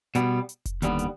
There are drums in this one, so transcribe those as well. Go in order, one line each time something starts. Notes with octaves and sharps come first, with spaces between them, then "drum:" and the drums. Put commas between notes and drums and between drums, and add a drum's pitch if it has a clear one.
B2 G3 B3, drum: hi-hat
drum: hi-hat
drum: kick F1, hi-hat
D#2 D3 G3 B3, drum: hi-hat
drum: hi-hat